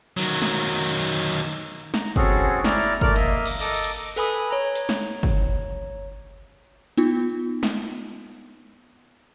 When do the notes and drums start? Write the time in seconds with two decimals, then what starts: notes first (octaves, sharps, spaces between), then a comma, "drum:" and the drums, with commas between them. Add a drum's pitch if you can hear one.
0.17 D#3 F#3
0.42 drum: snare
1.94 A#5, drum: snare
2.16 C4 C#4 F#4 G#4 A4, drum: kick
2.64 E4 D5 A#5 F6, drum: snare
3.01 A3 A#4 D5 F6, drum: kick
3.16 A#3 D#5 E5, drum: cymbal
3.46 drum: cymbal
3.60 A4 D#5 A#5 D6, drum: cymbal
3.84 drum: hi-hat
4.16 A4 B4 G#5 B5 D#6
4.51 C#5 A#5
4.75 drum: hi-hat
4.89 drum: snare
5.23 drum: kick
6.97 B3 D#4 F4
7.63 drum: snare